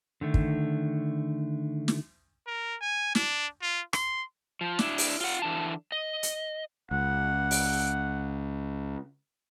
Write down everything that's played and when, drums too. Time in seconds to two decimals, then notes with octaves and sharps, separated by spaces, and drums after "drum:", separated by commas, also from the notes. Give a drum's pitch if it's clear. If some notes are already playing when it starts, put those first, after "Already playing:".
0.21 D3 D#3 A3
0.34 drum: kick
1.88 drum: snare
2.47 A#4
2.81 G#5
3.15 D4, drum: snare
3.62 F4
3.93 C6, drum: rim click
4.61 F3
4.79 D4 E4, drum: snare
4.98 drum: open hi-hat
5.21 F4 F#5
5.42 D3 E3 D4 A5
5.92 D#5
6.23 drum: hi-hat
6.91 C#2 F#5
7.51 drum: open hi-hat